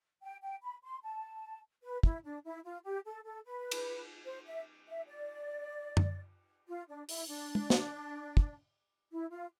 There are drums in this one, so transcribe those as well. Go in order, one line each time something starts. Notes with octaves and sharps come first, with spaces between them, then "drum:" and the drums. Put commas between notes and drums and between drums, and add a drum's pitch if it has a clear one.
G5
G5
B5
C6
A5
B4
E4, drum: kick
D4
E4
F4
G4
A4
A4
B4
drum: cymbal
C5
E5
E5
D5
drum: tom F#2
F4
D4
E4, drum: open hi-hat
D4
drum: tom
drum: snare
drum: kick
E4
F4